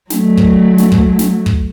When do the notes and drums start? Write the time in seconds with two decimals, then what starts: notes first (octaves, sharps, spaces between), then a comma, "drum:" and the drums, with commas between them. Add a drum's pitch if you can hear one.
0.10 F#3 A3, drum: snare
0.37 drum: kick
0.78 drum: snare
0.92 drum: kick
1.19 drum: snare
1.46 drum: kick